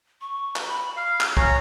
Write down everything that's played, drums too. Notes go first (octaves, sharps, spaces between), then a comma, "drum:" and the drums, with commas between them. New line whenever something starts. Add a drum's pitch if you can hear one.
C#6
drum: clap
B5
F5 F6
drum: clap
C#4 C#5 A#5, drum: kick B1